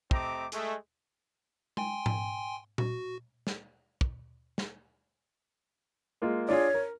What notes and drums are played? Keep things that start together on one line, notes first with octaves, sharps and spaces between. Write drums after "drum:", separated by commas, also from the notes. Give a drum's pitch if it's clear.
A3 C4 G4 D#5 A#5 D6, drum: kick
G#3 A3, drum: hi-hat
G5 G#5 C6, drum: tom G#3
drum: tom G#2
F#4, drum: tom A#2
drum: snare
drum: kick
drum: snare
G#3 A#3 F4
D4 F4 G#4 C#5
A#4